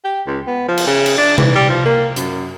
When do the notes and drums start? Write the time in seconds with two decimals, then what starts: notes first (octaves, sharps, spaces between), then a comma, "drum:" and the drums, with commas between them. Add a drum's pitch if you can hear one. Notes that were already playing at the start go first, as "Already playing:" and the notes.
0.04 G4
0.27 C#2
0.47 B3
0.68 F3
0.77 drum: cymbal
0.87 C#3
1.06 drum: cymbal
1.18 D4
1.38 E3, drum: tom C3
1.55 G3
1.69 F3
1.86 A#3
2.16 F#2, drum: hi-hat